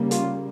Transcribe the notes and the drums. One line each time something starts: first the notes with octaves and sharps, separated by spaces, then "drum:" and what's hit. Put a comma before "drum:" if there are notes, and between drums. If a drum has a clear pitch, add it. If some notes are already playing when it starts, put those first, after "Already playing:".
Already playing: C#3 G3 A#3
F4, drum: hi-hat